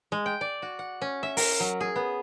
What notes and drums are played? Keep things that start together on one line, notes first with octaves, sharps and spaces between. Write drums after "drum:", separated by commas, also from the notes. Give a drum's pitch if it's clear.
G#3
G5
D5
F#4
F#5
C#4
E5
A#4, drum: open hi-hat
F#3
G#4
B3